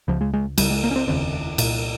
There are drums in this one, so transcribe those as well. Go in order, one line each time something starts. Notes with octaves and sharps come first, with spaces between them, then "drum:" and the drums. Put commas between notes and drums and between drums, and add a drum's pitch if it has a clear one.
C#2 C#3 F3
G#3
G#3
C#2 C#3 G3, drum: cymbal
G#3
A#3
C#4
C4
F1 D#2 C#3 C4
C2 A#2, drum: cymbal